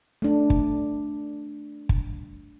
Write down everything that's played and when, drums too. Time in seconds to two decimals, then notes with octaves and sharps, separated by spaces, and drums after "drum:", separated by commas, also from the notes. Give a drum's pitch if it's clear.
0.22 A3 D4
0.50 drum: kick
1.89 drum: kick